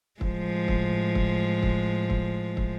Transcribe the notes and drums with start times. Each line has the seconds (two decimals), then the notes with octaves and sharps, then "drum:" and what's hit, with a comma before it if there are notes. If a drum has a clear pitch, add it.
0.21 A2 F3 G#3, drum: kick
0.68 drum: kick
1.15 drum: kick
1.63 drum: kick
2.10 drum: kick
2.57 drum: kick